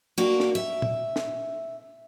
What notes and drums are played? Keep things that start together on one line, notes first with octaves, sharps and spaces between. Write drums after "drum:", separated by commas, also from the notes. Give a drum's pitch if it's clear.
A#3 D4 F#4
drum: snare
E5
drum: tom
drum: snare